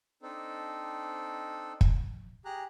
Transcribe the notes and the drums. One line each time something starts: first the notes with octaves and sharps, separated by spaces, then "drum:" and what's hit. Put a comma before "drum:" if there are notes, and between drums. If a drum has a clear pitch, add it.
C4 D4 D#4 A4
drum: kick
G4 G#4 A#5 F#6